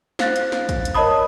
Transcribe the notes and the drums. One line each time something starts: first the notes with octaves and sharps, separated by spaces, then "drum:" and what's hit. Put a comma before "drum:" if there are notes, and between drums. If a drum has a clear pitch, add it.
C5 F5 F#6 A6, drum: snare
drum: hi-hat
drum: snare
drum: kick, hi-hat
drum: hi-hat
A#4 C#5 D#5 A5 B5 D#6